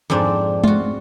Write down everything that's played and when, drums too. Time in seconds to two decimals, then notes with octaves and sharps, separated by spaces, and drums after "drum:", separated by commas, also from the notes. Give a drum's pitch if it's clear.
0.10 F2 G#2 C4 D4
0.64 F4 F#4, drum: tom G#3